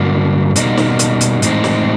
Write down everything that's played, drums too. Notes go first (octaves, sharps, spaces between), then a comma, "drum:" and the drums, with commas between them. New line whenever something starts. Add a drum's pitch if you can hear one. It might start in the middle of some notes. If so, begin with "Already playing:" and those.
Already playing: G2 D3 F#3 A#3
B2 G3 A#3 D#4, drum: hi-hat
drum: snare
drum: hi-hat
drum: hi-hat
A2 E3 G#3 C4 D#4, drum: hi-hat
drum: snare